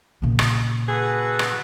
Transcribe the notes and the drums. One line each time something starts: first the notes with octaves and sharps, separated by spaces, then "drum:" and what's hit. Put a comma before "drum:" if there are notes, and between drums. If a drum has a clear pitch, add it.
A#2 C#3
drum: rim click
F#4 G#4 A4 B4
drum: rim click